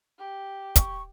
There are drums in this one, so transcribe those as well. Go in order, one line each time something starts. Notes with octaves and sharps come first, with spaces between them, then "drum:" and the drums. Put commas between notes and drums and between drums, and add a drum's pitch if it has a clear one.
G4
C#6, drum: kick, hi-hat